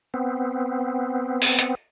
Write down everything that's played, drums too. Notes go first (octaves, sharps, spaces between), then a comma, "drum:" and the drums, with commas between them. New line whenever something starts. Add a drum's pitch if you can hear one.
B3 C4
drum: open hi-hat
drum: hi-hat